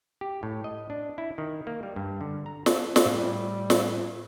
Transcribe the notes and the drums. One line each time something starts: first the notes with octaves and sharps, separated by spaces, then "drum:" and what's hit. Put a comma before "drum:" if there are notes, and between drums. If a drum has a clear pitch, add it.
G4
A2
D#5
D4
E4
D#3
A#3
G3
G2
D3
A#5
A5, drum: snare
drum: snare
A2 G3
drum: snare